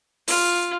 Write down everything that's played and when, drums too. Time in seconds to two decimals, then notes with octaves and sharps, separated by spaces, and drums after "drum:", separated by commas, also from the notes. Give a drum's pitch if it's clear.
0.28 F4, drum: open hi-hat